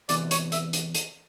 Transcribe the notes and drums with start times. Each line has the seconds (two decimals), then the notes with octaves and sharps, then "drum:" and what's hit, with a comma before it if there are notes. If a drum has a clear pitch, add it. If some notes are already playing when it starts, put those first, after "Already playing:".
0.09 E2 C3 E3 D5, drum: hi-hat
0.31 C#5, drum: hi-hat
0.52 E5, drum: hi-hat
0.73 drum: hi-hat
0.94 drum: hi-hat